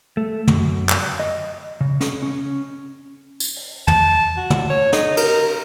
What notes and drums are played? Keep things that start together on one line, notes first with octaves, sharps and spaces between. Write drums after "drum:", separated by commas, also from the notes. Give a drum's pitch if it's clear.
A3
F#2, drum: tom
drum: clap
D#5
C#3
C#4, drum: snare
C#4
drum: tambourine
drum: open hi-hat
A5, drum: tom
F#4
drum: tom
C#5
D#4, drum: snare
A#4, drum: cymbal